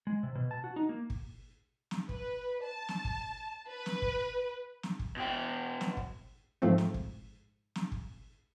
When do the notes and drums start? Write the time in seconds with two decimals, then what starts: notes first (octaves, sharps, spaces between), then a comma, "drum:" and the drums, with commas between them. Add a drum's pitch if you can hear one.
0.07 G#3
0.23 C3
0.35 B2
0.51 A5
0.64 F#4
0.76 D#4
0.89 A#3
1.10 drum: kick
1.91 drum: snare
2.09 B4, drum: kick
2.63 A5
2.88 drum: snare
3.05 drum: kick
3.69 B4
3.86 drum: snare
4.02 drum: kick
4.83 drum: snare
4.99 drum: kick
5.17 B2 G5
5.81 drum: snare
5.97 drum: kick
6.62 G#2 F3 A3 C4
6.78 drum: snare
6.94 drum: kick
7.75 drum: snare
7.92 drum: kick